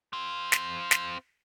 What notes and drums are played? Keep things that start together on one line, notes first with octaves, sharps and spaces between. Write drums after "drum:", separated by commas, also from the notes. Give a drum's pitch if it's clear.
C4 F4
drum: snare
drum: snare